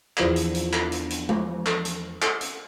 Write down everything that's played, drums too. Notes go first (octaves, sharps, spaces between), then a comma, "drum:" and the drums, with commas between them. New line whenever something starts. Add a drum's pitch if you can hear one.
E2 F3 D4 E6, drum: clap
drum: hi-hat
drum: hi-hat
drum: clap
drum: hi-hat
drum: hi-hat
drum: tom G#3
drum: clap
drum: hi-hat
drum: clap
drum: hi-hat